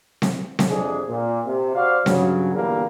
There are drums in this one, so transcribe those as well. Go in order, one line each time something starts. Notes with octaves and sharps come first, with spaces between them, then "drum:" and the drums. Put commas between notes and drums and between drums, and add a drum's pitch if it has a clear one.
drum: snare C4
drum: snare C4
F2 C3 D4 G#4
A#2
C3
F#4 C5 D5 F5
G2 C#3 F#3, drum: snare C4
E2 A#2 D3 E3 G3 A#3